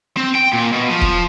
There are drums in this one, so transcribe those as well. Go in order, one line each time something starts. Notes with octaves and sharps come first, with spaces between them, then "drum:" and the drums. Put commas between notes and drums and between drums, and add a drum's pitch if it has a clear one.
C4
G5
A#2
B2
F3
drum: kick